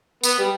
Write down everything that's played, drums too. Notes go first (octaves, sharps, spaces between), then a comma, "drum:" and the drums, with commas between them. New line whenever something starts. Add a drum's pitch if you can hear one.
B3, drum: tambourine
G3